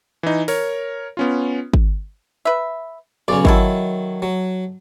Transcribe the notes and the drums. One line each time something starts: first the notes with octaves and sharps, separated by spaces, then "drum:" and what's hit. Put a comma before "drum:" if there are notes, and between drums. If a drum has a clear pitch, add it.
E3 D#4
A#4 C#5, drum: open hi-hat
B3 C#4 F4
drum: kick G#1
B4 E5
B1 C#3 C#4 D5
D#3 F#3 G#3 E4 A4, drum: kick G#1
F#3